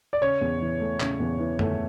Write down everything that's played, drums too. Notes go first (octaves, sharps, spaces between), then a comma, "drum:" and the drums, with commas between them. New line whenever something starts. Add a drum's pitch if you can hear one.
D5
C#3 C#5
E2
E3
A3
C#3, drum: clap
E2
E3
A3, drum: tom